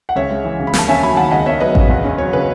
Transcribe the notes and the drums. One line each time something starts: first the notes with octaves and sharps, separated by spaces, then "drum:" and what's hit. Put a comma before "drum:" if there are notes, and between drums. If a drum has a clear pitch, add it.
F#5
C#2 C#5 E5
G#3
E3
C#3
B5
D#2 A5, drum: snare
C#4 E5 G#5
F#3 G#5 B5
D#3 F#5 A5
C#2 D#5 F#5
B3 C#5 E5
F#3 B4 D#5
C#3, drum: kick A1
E2
C#4
F#3 C#5
C#3 B4